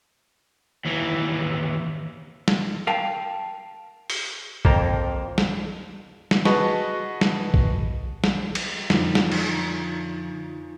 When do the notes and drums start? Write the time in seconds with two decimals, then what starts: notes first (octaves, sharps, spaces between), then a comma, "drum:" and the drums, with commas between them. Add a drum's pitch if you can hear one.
0.85 D#2 E3
2.48 drum: snare
2.87 A#4 F5 G5 A5
4.10 drum: open hi-hat
4.65 F2 A#3 G5 A5 A#5, drum: kick A#1
5.38 drum: snare
6.31 drum: snare
6.45 F#4 G#4 B4 D#5 A5 C#6, drum: snare
7.21 drum: snare
7.54 drum: kick A#1
8.24 drum: snare
8.55 drum: cymbal
8.90 F2 D3 F3 D#4 F4, drum: snare
9.15 drum: snare
9.32 drum: cymbal